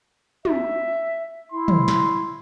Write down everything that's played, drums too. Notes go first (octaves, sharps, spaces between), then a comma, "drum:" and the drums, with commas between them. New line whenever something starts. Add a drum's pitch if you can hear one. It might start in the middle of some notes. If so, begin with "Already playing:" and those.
E5, drum: tom
E4 C6
drum: tom
drum: snare